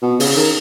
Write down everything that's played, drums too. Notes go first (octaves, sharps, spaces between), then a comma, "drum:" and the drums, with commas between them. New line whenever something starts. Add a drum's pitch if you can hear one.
B2
C#3, drum: open hi-hat
D#3